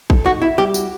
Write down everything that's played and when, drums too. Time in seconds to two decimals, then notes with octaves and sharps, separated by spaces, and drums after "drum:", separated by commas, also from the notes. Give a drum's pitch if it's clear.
0.10 A4, drum: kick
0.26 D#4 F#4
0.42 E4 E5
0.58 G3 G4
0.74 F#4, drum: tambourine